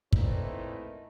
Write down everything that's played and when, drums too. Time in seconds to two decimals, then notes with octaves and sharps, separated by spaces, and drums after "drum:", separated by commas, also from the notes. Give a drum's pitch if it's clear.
0.13 A#2 E3 A3 C4 D#4 E4, drum: kick